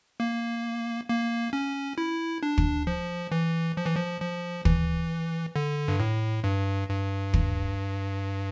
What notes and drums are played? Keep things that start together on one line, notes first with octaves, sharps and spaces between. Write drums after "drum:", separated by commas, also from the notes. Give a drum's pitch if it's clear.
A#3
A#3
C#4
E4
D4
drum: kick
F3
E3
F3
E3
F3
F3
E3, drum: kick
D3
G2
A2
G2
G2
drum: kick